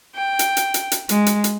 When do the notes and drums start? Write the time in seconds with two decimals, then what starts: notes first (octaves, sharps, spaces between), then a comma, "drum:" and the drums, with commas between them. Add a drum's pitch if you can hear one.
0.15 G5
0.39 drum: hi-hat
0.57 drum: hi-hat
0.74 drum: hi-hat
0.92 drum: hi-hat
1.09 G#3, drum: hi-hat
1.26 drum: hi-hat
1.44 drum: hi-hat